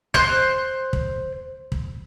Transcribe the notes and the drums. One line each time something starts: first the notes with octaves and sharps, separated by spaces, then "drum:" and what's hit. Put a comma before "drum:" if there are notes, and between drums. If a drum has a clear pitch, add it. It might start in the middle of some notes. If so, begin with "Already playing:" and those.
C5 F#6, drum: kick
drum: kick
drum: kick